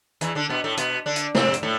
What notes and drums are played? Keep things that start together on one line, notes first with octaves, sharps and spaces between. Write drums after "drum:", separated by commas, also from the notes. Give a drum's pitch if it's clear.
E2 E3, drum: hi-hat
D3 D4
B2 B3
A2 A3
B2 B3, drum: hi-hat
D3 D4
drum: hi-hat
C3 C4, drum: snare
drum: hi-hat
A2 A3